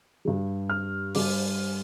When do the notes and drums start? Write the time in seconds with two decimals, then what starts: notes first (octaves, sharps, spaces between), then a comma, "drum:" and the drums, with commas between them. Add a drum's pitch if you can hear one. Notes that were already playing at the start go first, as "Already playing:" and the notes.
0.25 G2 G3
0.70 F6
1.15 G2 G3 D6, drum: open hi-hat